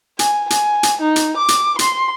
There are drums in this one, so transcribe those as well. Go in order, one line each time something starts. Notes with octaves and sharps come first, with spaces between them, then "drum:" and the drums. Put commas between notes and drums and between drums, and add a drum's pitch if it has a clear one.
G#5, drum: hi-hat
G#5, drum: hi-hat
drum: hi-hat
D#4
drum: hi-hat
D6
drum: hi-hat
C6, drum: hi-hat